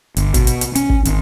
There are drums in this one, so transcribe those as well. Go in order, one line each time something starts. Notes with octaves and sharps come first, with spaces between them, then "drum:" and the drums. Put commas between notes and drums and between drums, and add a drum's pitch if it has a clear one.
G1, drum: hi-hat
B2, drum: kick, hi-hat
drum: hi-hat
drum: hi-hat
C#4, drum: hi-hat
drum: kick
G#1, drum: hi-hat